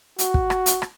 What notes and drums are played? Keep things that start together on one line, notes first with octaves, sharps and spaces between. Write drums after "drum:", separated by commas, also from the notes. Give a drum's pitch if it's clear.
F#4, drum: hi-hat
drum: kick
drum: rim click
drum: hi-hat
drum: rim click